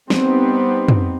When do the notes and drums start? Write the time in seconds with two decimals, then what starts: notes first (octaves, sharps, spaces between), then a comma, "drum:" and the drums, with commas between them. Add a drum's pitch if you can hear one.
0.10 G3 B3 C4 D#4, drum: snare
0.89 drum: tom